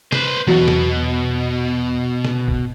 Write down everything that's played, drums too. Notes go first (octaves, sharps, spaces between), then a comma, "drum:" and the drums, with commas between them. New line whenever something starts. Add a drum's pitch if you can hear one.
B4 C5, drum: snare
E2 B2 F#3
drum: snare
drum: snare
drum: kick